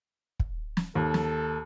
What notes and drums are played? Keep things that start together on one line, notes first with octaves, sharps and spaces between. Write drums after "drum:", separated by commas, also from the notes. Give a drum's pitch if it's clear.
drum: kick
drum: snare
D#2 A4
drum: snare